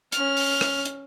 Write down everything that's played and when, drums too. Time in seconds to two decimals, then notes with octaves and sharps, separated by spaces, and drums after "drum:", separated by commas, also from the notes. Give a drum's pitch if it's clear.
0.12 C#4 F6, drum: hi-hat
0.37 drum: open hi-hat
0.61 drum: rim click
0.85 drum: hi-hat